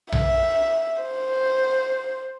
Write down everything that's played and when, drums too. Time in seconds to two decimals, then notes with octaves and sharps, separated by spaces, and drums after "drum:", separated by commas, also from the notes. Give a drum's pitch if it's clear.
0.12 E5, drum: tom B1
1.02 C5